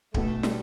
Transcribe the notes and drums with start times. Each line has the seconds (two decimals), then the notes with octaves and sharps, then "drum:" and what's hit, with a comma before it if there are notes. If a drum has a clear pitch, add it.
0.14 B1 B2 A3 B3, drum: kick D1
0.43 B2 G3, drum: snare